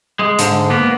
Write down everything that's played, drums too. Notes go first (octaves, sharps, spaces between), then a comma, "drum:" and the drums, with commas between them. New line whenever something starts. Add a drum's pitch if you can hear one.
G#3
G#2 D3, drum: hi-hat
A#3 B3